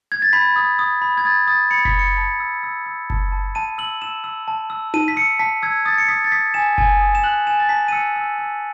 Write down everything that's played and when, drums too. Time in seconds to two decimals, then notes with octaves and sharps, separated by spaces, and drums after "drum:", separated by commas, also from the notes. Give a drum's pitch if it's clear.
0.12 G#6
0.22 A6
0.33 B5 B6
0.56 D#6
0.79 D#6
1.02 B5
1.17 G#6
1.25 D#6 A6
1.47 D#6 A6
1.71 B5 C#7
1.85 B6, drum: kick F#1
1.94 B5 C#7
2.17 A5
2.40 E6
2.63 E6
2.86 E6
3.10 A5, drum: kick F#1
3.32 A5
3.55 A5 D#7
3.78 E6 F#7
4.02 E6 E7
4.24 E6
4.48 A5
4.70 E6
4.94 A5 D#7, drum: tom D#4
5.08 B6
5.16 E6 C#7
5.39 A5 B6
5.63 E6 G#6
5.85 D#6 A6
5.98 C#7
6.08 D#6 B6
6.24 A6
6.32 D#6 B6
6.54 G#5 E7
6.78 G#5, drum: kick F#1
7.01 D#6
7.15 E7
7.24 F#6 F#7
7.47 G#5 E7
7.60 A6
7.69 A5 B6
7.88 D#7
7.92 E6 C#7
8.16 E6
8.38 E6